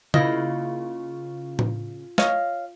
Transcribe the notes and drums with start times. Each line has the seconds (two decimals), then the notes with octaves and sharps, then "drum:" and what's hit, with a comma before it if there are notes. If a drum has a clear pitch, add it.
0.14 C#3 A#3 E4 F4 D#5, drum: tom C#3
1.59 drum: tom A2
2.18 C#5 D#5 F5, drum: snare